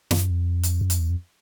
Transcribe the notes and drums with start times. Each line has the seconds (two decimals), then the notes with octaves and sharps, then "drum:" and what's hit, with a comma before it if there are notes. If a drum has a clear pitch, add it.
0.11 F#2, drum: snare
0.30 F2
0.63 drum: hi-hat
0.81 F#2
0.90 F2, drum: hi-hat
0.99 E2
1.10 F2